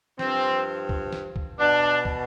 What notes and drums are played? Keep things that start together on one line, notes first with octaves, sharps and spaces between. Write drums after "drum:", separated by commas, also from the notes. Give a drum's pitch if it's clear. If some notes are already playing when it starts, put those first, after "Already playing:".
G2 F3 C4, drum: snare
drum: kick
drum: snare
drum: kick
B2 D4
drum: kick